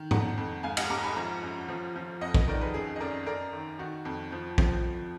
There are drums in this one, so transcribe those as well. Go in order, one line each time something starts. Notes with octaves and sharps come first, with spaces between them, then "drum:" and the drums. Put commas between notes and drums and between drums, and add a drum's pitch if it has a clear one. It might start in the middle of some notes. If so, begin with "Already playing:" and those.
Already playing: D#3
F2 F#5 A#5, drum: tom G#2
F2
G#2 F5 G#5
D#5 F#5, drum: cymbal
G#2 A#5 D6
G#5 B5
F3 F#5 A#5
F#2
F3
F3
F2 D#5 F#5
B4 D#5, drum: kick
D#3 A#4 D5
G#4 B4
F#2 G#4
D#5
F#2 A#4 D5
F#2 A#4 D5
D#3
D#3 F#4
F2
F3
F3, drum: kick